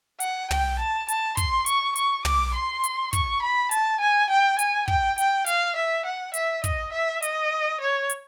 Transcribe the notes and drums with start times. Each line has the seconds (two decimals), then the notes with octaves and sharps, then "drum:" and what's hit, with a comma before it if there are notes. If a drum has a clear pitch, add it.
0.20 F#5, drum: hi-hat
0.51 G5, drum: tom
0.79 A5
1.09 A5, drum: hi-hat
1.37 C6, drum: kick, hi-hat
1.66 C#6, drum: hi-hat
1.96 C#6, drum: hi-hat
2.25 D6, drum: tom
2.54 C6
2.84 drum: hi-hat
3.13 C#6, drum: kick, hi-hat
3.42 B5
3.71 A5, drum: hi-hat
4.00 G#5
4.30 G5
4.59 G#5, drum: hi-hat
4.88 G5, drum: kick
5.18 G5, drum: hi-hat
5.46 F5, drum: hi-hat
5.76 E5
6.05 F#5
6.34 E5, drum: hi-hat
6.64 D#5, drum: kick, hi-hat
6.92 E5
7.23 D#5, drum: hi-hat
7.80 C#5
8.10 drum: hi-hat